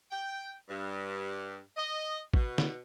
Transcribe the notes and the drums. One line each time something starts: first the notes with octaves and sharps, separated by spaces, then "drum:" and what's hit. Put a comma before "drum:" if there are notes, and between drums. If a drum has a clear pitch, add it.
G5
G2
D#5
B2, drum: kick
drum: snare